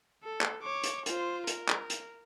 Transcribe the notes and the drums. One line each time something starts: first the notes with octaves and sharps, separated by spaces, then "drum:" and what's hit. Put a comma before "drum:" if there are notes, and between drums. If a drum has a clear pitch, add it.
A4
drum: clap
C#5 D6
drum: hi-hat
F4 C5, drum: hi-hat
A#4, drum: hi-hat
drum: clap
drum: hi-hat